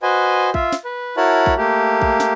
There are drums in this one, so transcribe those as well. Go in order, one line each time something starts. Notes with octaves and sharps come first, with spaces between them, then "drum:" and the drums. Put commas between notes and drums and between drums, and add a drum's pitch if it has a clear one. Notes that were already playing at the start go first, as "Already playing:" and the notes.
F#4 B4 C5 D#5 G#5
F4 E5, drum: kick A#1
drum: snare
B4
E4 F#4 A#4 C#5 A5 B5
drum: kick A#1
A3 A#3 G4
drum: kick A#1
drum: snare